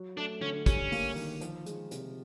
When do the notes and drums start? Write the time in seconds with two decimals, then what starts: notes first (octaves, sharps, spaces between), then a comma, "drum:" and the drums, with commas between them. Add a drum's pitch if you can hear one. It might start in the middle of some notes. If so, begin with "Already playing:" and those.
Already playing: F#3
0.17 A3 D4
0.41 D3 C#4
0.66 G3 C#4, drum: kick, hi-hat
0.92 A#3, drum: open hi-hat
1.16 D#3, drum: open hi-hat
1.41 F3, drum: hi-hat
1.66 G#3, drum: hi-hat
1.91 C3, drum: hi-hat